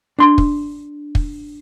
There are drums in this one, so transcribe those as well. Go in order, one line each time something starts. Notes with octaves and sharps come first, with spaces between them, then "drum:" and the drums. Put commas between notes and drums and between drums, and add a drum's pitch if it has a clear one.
D4 C6
drum: kick
drum: kick